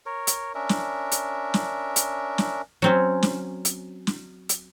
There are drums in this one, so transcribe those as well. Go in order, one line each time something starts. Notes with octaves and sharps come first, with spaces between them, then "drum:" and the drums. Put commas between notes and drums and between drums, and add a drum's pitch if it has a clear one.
A#4 C#5
drum: hi-hat
C#4 D4 A#4 E5
drum: snare
drum: hi-hat
drum: snare
drum: hi-hat
drum: snare
F#3 C4 C#4
drum: snare
drum: hi-hat
drum: snare
drum: hi-hat